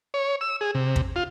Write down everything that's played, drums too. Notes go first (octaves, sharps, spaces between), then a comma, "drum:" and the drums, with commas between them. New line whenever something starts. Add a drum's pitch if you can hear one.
C#5
E6
G#4
C3
drum: kick
F4